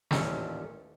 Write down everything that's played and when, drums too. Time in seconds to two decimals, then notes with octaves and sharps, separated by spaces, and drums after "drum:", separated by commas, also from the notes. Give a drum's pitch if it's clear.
0.11 A1 D#2 A#2 C#4 A4 E5, drum: snare